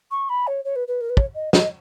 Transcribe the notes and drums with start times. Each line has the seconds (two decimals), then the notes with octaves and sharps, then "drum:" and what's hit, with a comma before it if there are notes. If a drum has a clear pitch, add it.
0.11 C#6
0.29 B5
0.47 C#5
0.64 C#5
0.75 B4
0.87 B4
1.00 A#4
1.09 B4
1.17 C#5, drum: kick
1.35 D#5
1.53 D#5, drum: snare